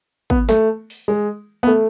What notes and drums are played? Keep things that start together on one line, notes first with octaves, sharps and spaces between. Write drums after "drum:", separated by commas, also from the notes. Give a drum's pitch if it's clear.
B3, drum: kick G#1
A3, drum: snare
drum: open hi-hat
G#3
B3
A3